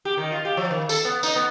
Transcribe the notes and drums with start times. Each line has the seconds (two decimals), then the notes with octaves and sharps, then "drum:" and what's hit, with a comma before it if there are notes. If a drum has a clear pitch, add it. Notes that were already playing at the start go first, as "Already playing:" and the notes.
0.05 G4
0.17 D#3
0.32 F4
0.45 G4
0.57 F3
0.71 D#3
0.89 A4, drum: tambourine
1.05 B3
1.23 D#4, drum: tambourine
1.36 B3